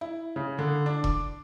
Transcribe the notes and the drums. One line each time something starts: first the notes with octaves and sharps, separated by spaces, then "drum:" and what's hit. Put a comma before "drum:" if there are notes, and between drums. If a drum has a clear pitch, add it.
E4
C#3
D3
D4
D6, drum: kick E1